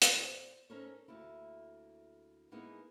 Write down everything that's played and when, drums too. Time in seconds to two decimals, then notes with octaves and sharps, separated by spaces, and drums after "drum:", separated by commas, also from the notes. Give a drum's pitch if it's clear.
0.02 C4 F#4, drum: hi-hat
0.23 C5 D5
0.70 C#4 D#4 A4 A#4 C5 C#5
1.08 D2 A3 A#3 E4
2.51 G#3 A#3 B3 D#4 E4 G#4